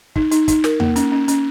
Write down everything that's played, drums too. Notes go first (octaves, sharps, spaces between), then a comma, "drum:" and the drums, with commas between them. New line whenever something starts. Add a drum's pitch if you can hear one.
D#4, drum: kick
D#4, drum: hi-hat
D#4, drum: kick, hi-hat
A#4, drum: snare
A#3, drum: tom E2
C#4, drum: hi-hat
C#4
C#4, drum: hi-hat